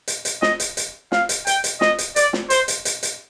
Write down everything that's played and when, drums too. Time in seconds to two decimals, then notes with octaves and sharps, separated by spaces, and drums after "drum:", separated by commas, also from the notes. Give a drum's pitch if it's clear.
0.08 drum: hi-hat
0.25 drum: hi-hat
0.42 D#5, drum: snare
0.60 drum: hi-hat
0.77 drum: hi-hat
1.12 F5, drum: snare
1.29 drum: hi-hat
1.47 G5, drum: hi-hat
1.64 drum: hi-hat
1.81 D#5, drum: snare
1.98 drum: hi-hat
2.16 D5, drum: hi-hat
2.33 drum: snare
2.50 C5, drum: hi-hat
2.68 drum: hi-hat
2.85 drum: hi-hat
3.03 drum: hi-hat